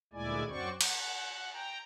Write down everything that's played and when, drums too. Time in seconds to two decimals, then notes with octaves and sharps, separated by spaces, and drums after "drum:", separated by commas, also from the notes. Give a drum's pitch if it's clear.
0.13 D2 A#2 G#3 E4 D5 G#5
0.49 F#2 C4 F#4 C5 D5 C#6
0.81 F#5, drum: cymbal
1.53 G5 A#5